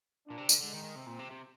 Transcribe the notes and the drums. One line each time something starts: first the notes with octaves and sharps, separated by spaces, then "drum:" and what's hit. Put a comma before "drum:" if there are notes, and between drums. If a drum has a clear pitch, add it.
A#2 D4
C3
D3, drum: tambourine
D3 G#3
D#3
D#3
C3 C4
A#2
C3
C3